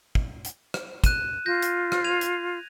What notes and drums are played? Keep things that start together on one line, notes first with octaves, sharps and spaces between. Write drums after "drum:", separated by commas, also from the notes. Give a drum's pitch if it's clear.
drum: kick
drum: hi-hat
drum: rim click
F#6 D#7 E7, drum: kick, hi-hat
F4 G6 A#6
drum: hi-hat
drum: rim click
G#6 D#7 F7
drum: hi-hat